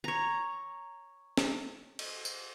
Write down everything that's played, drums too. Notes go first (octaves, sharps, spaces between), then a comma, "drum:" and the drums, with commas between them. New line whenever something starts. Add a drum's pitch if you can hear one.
C#5 A#5
drum: snare
drum: cymbal
drum: tambourine